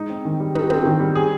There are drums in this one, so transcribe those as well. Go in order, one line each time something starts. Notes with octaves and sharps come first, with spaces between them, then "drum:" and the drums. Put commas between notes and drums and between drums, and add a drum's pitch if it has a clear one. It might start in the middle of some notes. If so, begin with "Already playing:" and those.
Already playing: G#3 D#4
C4
D#3
G3
D#4, drum: tom
C4, drum: tom
D#3
G3
G#4